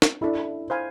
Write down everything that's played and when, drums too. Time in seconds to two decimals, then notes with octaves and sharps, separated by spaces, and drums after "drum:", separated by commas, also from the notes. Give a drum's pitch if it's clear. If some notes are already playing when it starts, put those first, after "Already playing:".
0.02 drum: snare
0.21 D4 E4 A4 E5 B5
0.70 C5 F5 G#5 B5